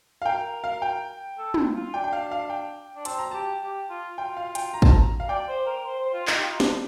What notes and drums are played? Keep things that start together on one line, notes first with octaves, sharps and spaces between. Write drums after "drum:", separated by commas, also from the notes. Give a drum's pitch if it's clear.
F5
A#4 G5
F5
G5
A4
drum: tom
F4
D4 G5
G5
F5
F5
G5
D4
C4 A5, drum: hi-hat
A#5
G4 A5
G4
F4
F4 G5
F5
G5, drum: hi-hat
A#5
A5, drum: kick
A#5
F5
D5 G5
C5
A#4
C5
C5
F4
D#4, drum: clap
G4
F4
D#4
D4, drum: snare